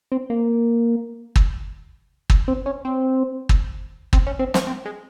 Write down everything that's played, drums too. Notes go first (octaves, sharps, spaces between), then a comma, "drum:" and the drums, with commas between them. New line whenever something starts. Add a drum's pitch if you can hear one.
C4
A#3
drum: kick
drum: kick
C4
C#4
C4
drum: kick
C4, drum: kick
C#4
C4
C4, drum: snare
C4
G#3